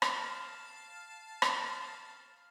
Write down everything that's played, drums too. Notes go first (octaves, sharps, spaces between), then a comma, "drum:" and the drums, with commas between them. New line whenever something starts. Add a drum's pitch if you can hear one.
F5 A5, drum: rim click
drum: rim click